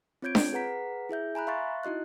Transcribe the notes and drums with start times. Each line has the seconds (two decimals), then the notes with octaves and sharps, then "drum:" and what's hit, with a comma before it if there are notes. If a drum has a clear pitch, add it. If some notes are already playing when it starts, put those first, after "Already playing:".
0.22 C4 F4 C#5 G6 G#6 D7
0.35 drum: snare D4
0.53 G#4 B4 F#5 A#5 B6
1.09 E4 G#4 E5 G6
1.35 G#5 A#5 B5 F#6
1.47 E5 F5 C6 C#6 F#6 A6
1.83 D#4 E4 F#4 D#5 F#6